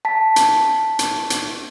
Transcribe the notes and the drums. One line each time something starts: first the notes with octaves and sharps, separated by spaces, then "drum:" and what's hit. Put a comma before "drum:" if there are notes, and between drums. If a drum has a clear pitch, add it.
A5 B6
drum: hi-hat
drum: hi-hat
drum: hi-hat